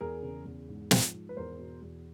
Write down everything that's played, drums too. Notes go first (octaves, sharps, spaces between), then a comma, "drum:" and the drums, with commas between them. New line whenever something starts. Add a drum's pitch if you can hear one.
E2 G#4 A#4
C#3
E2
G#2
F3, drum: snare
G#2
B4
E2 A#4 C5
B2
E2